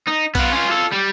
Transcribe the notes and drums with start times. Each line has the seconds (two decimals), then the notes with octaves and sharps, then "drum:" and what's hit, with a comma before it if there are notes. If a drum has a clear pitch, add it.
0.08 D#4
0.35 B3 F4, drum: kick B1, cymbal
0.52 C#4 F4
0.69 F4 A4
0.92 G3